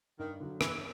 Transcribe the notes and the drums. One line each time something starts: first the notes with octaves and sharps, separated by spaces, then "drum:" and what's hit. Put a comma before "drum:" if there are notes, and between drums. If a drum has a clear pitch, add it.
G2 D#3
D3 F#3
G2 E3, drum: rim click